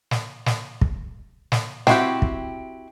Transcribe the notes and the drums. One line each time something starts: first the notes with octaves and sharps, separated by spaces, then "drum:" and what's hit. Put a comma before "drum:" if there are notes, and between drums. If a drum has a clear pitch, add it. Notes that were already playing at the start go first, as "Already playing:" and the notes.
drum: snare
drum: snare
drum: kick
drum: snare
C4 E4 F#4 G4, drum: snare
drum: kick